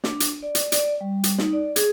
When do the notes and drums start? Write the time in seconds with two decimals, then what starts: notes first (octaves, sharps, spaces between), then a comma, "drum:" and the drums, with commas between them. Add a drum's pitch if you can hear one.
0.04 D4, drum: snare
0.20 drum: hi-hat
0.42 D5
0.55 drum: hi-hat
0.72 D5, drum: hi-hat
1.01 G3
1.24 drum: hi-hat
1.38 D#4, drum: snare
1.53 D5
1.76 G#4, drum: hi-hat